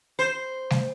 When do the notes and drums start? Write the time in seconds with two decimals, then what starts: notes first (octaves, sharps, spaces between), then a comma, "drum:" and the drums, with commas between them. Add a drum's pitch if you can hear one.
0.19 C5
0.70 drum: snare G3